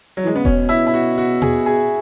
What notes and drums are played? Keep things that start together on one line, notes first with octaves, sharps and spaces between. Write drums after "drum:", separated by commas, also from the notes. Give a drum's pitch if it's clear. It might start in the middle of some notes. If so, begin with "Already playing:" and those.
F#3
E3 G#3
C#3 B3
B2 C#4, drum: kick E1
E4
E4
F#4
F#4
G#4, drum: tom B2
G#4